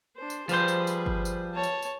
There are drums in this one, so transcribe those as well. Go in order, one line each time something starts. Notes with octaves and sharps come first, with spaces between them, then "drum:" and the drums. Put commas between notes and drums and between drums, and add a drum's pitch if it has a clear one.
D4 C5
drum: tambourine
F3 G3 G#4 B4 C5, drum: tambourine
drum: tambourine
drum: tambourine
drum: kick G1
drum: tambourine
C#5 A5
drum: tambourine
drum: tambourine